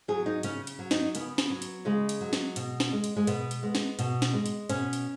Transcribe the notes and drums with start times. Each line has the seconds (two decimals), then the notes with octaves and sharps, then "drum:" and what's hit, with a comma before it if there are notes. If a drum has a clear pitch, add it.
0.08 F#3 G#4
0.26 D#4
0.43 C#3 C#4, drum: hi-hat
0.67 drum: hi-hat
0.79 F#3
0.91 D#4, drum: snare
1.15 C#3 B3, drum: hi-hat
1.38 drum: snare
1.50 F#3
1.62 drum: hi-hat
1.85 C#3 G#3
2.09 drum: hi-hat
2.21 F#3
2.33 drum: snare
2.56 B2, drum: hi-hat
2.80 drum: snare
2.92 G#3
3.04 drum: hi-hat
3.17 G#3
3.27 B2 B3, drum: hi-hat
3.51 drum: hi-hat
3.63 G#3
3.75 drum: snare
3.99 B2, drum: hi-hat
4.22 drum: snare
4.33 G#3
4.46 drum: hi-hat
4.69 B2 C#4, drum: hi-hat
4.93 drum: hi-hat